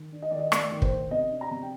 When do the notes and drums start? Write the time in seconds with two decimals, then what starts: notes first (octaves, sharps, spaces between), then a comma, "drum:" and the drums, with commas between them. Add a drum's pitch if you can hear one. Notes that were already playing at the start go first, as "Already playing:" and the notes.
Already playing: D#3
0.12 D4
0.22 D#5
0.31 D#3 D5
0.39 D#5
0.52 A3 D5, drum: rim click
0.72 D#3
0.82 C5, drum: kick
0.92 D4
1.11 C3 D#5
1.31 D4
1.41 A#5
1.51 C3
1.61 G5